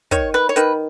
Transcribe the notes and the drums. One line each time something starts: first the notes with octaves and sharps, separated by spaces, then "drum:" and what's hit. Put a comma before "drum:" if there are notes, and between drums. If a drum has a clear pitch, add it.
D#3 C#5, drum: kick, hi-hat
B4
C#5
D#3 B4, drum: hi-hat